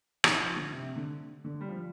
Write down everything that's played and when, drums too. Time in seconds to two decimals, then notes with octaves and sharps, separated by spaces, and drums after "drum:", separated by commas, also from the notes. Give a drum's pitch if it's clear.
0.24 D#3, drum: rim click
0.40 F3
0.56 D3
0.72 C3
0.96 D3
1.44 D3
1.61 G3
1.69 F3